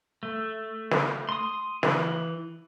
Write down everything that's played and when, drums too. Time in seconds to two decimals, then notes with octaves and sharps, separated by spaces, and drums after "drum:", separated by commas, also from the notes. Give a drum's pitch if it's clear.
0.23 A3
0.91 drum: snare
1.29 C6 D#6
1.83 E3, drum: snare